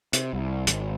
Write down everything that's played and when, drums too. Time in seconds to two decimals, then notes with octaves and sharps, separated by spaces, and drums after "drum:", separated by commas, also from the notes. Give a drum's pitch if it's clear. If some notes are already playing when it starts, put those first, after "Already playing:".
0.13 C3, drum: hi-hat
0.33 C2
0.67 G#1, drum: hi-hat